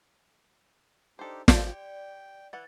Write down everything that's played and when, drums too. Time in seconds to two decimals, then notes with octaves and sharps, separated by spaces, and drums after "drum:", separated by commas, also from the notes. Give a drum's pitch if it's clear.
1.19 D4 D#4 G4 A4 C5
1.48 A3 C4 G4 D5, drum: snare
1.67 G5
2.53 E3 F#5 A6